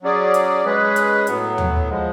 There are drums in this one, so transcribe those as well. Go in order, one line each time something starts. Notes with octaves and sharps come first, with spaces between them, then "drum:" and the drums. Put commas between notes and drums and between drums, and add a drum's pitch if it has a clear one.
F#3 C#4 G#4 D5
drum: hi-hat
G#3 C#4 G#4 B4
drum: hi-hat
A2 F#3 B3, drum: hi-hat
drum: tom D#2
F3 G#3